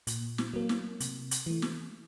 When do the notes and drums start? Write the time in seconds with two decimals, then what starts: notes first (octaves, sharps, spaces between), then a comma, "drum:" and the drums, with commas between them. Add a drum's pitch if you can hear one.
0.07 A#2, drum: hi-hat
0.38 drum: snare
0.54 F#3 A#3
0.69 drum: snare
1.00 C3, drum: hi-hat
1.31 drum: hi-hat
1.46 E3 A3
1.62 drum: snare